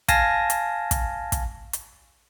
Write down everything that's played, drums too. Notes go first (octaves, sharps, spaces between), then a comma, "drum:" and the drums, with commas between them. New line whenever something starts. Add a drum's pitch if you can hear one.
F5 G#5 A5 A#6, drum: kick, hi-hat
drum: hi-hat
drum: kick, hi-hat
drum: kick, hi-hat
drum: hi-hat